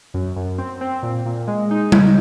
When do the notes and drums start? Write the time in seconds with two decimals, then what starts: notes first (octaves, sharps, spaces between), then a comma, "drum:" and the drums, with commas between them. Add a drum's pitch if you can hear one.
0.14 F#2
0.36 F#2
0.58 C4
0.81 C4
1.03 A#2
1.26 A#2
1.47 G#3
1.71 D#4
1.92 C#3, drum: tom G3